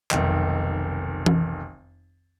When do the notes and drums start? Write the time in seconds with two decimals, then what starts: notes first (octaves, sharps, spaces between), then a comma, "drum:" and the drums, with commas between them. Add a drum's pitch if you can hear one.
0.11 F1 B1 D#3, drum: clap
1.26 drum: tom E3